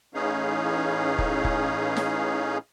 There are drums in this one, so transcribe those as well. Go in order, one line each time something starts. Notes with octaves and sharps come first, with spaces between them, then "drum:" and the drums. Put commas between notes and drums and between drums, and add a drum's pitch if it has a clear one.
A2 E3 C#4 D#4 G#4 F5
drum: kick
drum: kick
drum: snare